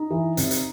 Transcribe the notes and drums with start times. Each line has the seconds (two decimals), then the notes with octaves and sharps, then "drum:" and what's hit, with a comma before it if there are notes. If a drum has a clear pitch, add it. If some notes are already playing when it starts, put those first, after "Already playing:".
Already playing: D#4
0.10 E3
0.37 C3, drum: hi-hat
0.51 drum: hi-hat